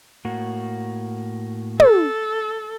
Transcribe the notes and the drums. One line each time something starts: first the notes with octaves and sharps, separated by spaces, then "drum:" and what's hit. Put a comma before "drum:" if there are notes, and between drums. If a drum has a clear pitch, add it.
A2 A#3 F#4
A4, drum: tom